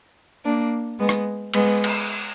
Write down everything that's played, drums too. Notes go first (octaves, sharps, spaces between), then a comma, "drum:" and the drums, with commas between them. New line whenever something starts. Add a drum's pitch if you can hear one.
A#3 D4
G#3 B3
drum: rim click
G#3 B3, drum: cymbal
drum: cymbal